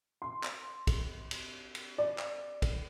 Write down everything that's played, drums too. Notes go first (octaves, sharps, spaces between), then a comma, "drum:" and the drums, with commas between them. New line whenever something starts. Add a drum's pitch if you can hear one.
C6
drum: clap
drum: kick, cymbal
drum: cymbal
drum: cymbal
D5
drum: clap
drum: kick, cymbal